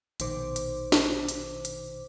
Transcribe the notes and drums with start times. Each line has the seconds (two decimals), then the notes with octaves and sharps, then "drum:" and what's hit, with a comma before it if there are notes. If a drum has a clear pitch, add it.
0.20 A#1 B2 D#3 C5 D6, drum: hi-hat
0.56 drum: hi-hat
0.92 drum: snare
1.29 drum: hi-hat
1.65 drum: hi-hat